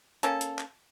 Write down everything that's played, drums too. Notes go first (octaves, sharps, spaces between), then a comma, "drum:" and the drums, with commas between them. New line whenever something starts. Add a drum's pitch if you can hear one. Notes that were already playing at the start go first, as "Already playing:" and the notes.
A#3 C#4 A4, drum: hi-hat
drum: hi-hat
drum: clap